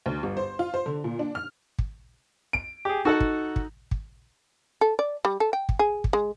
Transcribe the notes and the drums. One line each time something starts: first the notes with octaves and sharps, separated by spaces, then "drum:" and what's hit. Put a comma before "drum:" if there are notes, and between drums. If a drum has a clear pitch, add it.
D2
G1
C5
F4
C5
D3
A#2
D4
F6
drum: kick
D7
G4 G#4
D#4 F#4 A4 F#5
drum: kick
drum: kick
drum: kick
A4
D5
G3
A4
G5
drum: kick
G#4
drum: kick
G#3